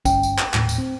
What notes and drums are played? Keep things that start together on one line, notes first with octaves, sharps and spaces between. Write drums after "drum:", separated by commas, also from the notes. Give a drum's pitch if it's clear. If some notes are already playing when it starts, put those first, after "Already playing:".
G1 C#4 G5, drum: kick, tambourine
drum: tambourine
drum: clap
D#1 A2, drum: clap
drum: tambourine
C4